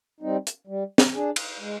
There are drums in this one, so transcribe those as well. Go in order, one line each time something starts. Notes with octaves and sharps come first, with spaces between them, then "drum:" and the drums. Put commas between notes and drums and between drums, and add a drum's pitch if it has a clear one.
G3 C4 D#4
drum: hi-hat
G3
drum: snare
D4 G#4
drum: cymbal
G#3